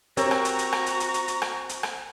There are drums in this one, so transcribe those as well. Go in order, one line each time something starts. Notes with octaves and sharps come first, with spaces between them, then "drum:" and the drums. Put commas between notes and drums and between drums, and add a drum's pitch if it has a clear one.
C4 F#4 G4 A#4 C#5 A#5 C#6, drum: hi-hat
drum: rim click
drum: hi-hat
drum: hi-hat
drum: rim click
drum: hi-hat
drum: hi-hat
drum: hi-hat
drum: hi-hat
drum: rim click
drum: hi-hat
drum: rim click